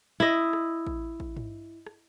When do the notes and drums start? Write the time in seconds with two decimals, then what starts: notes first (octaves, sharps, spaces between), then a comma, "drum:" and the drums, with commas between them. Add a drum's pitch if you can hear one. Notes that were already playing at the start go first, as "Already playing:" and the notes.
0.20 E4 D#5
0.53 drum: rim click
0.87 drum: kick A1
1.20 drum: kick A1
1.37 drum: tom
1.87 drum: rim click